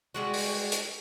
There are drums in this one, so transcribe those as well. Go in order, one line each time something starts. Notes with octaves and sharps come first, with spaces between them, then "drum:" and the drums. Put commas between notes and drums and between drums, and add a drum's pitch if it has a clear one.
G3 G#3 F#4
drum: open hi-hat
drum: hi-hat